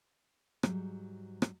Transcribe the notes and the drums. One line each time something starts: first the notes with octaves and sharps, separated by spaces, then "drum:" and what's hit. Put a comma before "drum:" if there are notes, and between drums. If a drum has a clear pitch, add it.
G#2 F#3 G3, drum: rim click
drum: rim click